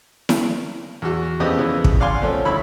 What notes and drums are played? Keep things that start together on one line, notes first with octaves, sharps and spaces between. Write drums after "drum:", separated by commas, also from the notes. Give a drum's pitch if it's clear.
drum: snare E4
E2 F#4
F2 C#3 B3 G4 D#5 D#6
C#3 E3 B3
drum: kick
D5 F5 F#5 G#5 C6
F3 A3 C#4
D2 E4 C#5 B5